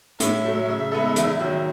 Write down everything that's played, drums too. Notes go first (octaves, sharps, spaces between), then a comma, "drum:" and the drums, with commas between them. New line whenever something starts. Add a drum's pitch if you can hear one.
A2 E5, drum: hi-hat
F#3 A3
C#3 E5
G#3 B3 D#4 A4
E2, drum: hi-hat
D#3 F#3